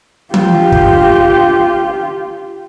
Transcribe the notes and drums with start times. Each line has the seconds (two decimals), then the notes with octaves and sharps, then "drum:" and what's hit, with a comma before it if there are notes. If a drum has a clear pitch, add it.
0.34 F4 G4, drum: tom E3
0.72 drum: kick